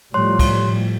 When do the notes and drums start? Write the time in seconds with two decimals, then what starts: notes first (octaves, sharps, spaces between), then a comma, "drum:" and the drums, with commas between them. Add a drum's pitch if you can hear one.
0.14 A2 F3 G3 C#5 C6 F#6
0.39 drum: kick, cymbal